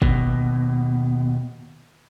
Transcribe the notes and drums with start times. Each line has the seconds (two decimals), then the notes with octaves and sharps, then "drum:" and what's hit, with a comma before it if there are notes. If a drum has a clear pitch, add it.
0.02 D#2 B2, drum: kick